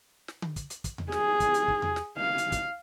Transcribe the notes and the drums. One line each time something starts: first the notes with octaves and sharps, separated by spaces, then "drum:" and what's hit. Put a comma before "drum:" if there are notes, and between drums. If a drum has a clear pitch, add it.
drum: snare
drum: tom D3
drum: kick, hi-hat
drum: hi-hat
drum: kick, hi-hat
drum: tom E2
G#4, drum: snare
drum: kick, hi-hat
drum: hi-hat
drum: kick
drum: tom E2
drum: snare
F5
drum: hi-hat
drum: kick, hi-hat